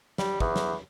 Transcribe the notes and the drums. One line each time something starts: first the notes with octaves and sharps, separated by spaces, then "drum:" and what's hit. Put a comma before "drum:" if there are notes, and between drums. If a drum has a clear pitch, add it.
G3, drum: snare
E2, drum: kick
drum: snare